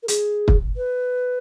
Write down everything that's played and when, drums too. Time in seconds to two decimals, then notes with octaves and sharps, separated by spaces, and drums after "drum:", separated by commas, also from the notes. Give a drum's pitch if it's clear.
0.03 A#4
0.08 G#4, drum: hi-hat
0.48 drum: kick
0.76 B4